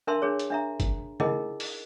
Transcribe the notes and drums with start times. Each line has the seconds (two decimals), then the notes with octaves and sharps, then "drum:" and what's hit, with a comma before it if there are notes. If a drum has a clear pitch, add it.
0.07 D4 A#4 E5 A5 C6
0.22 D4 G#4 C#5
0.39 drum: hi-hat
0.50 D4 E5 A#5
0.80 drum: kick F#1, hi-hat
1.20 C#4 D#4 E4 G#4 A#4 D#5, drum: tom C#3
1.60 drum: open hi-hat